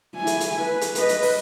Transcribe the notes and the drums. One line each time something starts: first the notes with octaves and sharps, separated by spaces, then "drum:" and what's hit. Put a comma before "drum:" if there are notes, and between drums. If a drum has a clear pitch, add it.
E4 G#5
drum: hi-hat
drum: hi-hat
B4
drum: hi-hat
B4 D#5, drum: hi-hat
drum: hi-hat
drum: open hi-hat